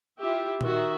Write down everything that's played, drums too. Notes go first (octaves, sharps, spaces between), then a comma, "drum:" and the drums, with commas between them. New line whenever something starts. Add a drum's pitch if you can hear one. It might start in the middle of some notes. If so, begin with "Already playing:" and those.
E4 F4 G4 E5
D#3 F#4 E5, drum: tom A#2